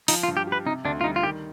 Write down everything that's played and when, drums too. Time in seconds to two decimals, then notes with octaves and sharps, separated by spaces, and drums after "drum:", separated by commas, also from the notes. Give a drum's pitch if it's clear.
0.08 F3 D#4, drum: open hi-hat
0.23 F4
0.28 G2
0.37 G4
0.47 G4
0.52 B4
0.65 C3 D#4
0.85 D2 D4
1.01 F4
1.04 G3 D#4
1.16 F4
1.23 D#3 G4